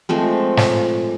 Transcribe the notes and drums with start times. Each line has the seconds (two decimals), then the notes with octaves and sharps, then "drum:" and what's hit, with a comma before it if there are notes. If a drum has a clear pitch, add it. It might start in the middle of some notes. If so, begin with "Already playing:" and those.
0.09 F3 G#3 A3 C4
0.57 drum: snare